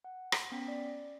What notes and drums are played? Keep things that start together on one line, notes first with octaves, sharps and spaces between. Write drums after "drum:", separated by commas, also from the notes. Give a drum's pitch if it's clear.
F#5
drum: rim click
B3 C#4 G5 B6
D5